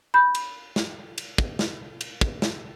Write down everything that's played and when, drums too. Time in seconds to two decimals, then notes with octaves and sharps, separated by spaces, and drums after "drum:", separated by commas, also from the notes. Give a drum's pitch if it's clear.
0.14 B5 G6
0.35 drum: cymbal
0.76 drum: snare
1.18 drum: cymbal
1.38 drum: kick
1.59 drum: snare
2.01 drum: cymbal
2.21 drum: kick
2.42 drum: snare